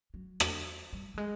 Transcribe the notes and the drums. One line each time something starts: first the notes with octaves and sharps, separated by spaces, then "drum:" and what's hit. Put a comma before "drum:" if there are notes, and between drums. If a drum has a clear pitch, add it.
F#3
drum: rim click
G3
G3
G#3